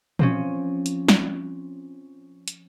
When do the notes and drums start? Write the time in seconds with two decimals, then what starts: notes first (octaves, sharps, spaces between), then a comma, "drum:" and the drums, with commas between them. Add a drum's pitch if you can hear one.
0.19 F3 C4 C#4, drum: tom A#2
0.86 drum: hi-hat
1.08 drum: snare
2.48 drum: hi-hat